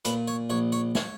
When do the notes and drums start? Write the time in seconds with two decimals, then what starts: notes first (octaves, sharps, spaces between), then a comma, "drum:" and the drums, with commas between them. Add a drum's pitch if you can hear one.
0.05 A#2 B4, drum: hi-hat
0.28 C#5
0.50 A#1 C#5
0.72 C#5
0.95 C#5, drum: snare